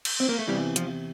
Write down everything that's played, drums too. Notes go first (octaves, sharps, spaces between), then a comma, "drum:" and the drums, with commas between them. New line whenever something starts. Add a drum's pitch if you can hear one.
drum: cymbal
C4
A#3
A3
E2 C3 E3 G3
F3, drum: hi-hat